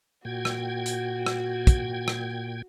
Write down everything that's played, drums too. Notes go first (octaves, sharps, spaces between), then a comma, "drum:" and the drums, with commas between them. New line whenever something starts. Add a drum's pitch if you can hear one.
A#2 F#4 G5 G#6
drum: rim click
drum: hi-hat
drum: rim click
drum: kick, hi-hat
drum: rim click